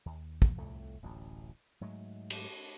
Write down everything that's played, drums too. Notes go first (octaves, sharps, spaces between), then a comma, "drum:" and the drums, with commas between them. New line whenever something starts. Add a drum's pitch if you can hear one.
D#2
drum: kick
C2 F2 A2 A3
D1 A1 F#2
G#2 F#3 G#3 A3
drum: cymbal